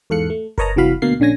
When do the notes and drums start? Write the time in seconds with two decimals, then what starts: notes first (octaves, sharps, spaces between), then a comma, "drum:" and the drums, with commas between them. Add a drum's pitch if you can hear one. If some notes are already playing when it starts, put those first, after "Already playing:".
0.10 E2 G#2 A4 F5 F#6 C#7
0.30 A3
0.58 A#4 B4 C#5 D#5 A5 A#5, drum: kick F#1
0.76 C2 E3 F#3 F#4 F5 B5
1.02 D2 B2 A#3 F5 C7
1.20 A#1 D3 C#4 G#5 A#6